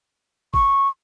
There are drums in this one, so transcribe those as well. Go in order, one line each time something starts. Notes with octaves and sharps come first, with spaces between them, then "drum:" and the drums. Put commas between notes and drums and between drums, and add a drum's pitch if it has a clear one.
C#6, drum: kick